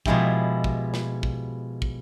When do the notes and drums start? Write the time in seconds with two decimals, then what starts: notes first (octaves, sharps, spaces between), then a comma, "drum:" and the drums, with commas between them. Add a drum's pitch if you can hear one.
0.06 B2 F3 G#3 E4 G4, drum: kick
0.64 drum: kick
0.94 drum: snare
1.23 drum: kick
1.82 drum: kick